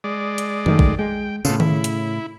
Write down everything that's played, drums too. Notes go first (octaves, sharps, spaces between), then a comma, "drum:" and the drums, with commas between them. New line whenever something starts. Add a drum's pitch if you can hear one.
G#3 D5
drum: hi-hat
F#2 D#3 A3, drum: tom D#3
drum: kick A#1
G#3 G5
A2 C#3 B3 F4 A4, drum: tambourine
E4, drum: tom D#3
drum: hi-hat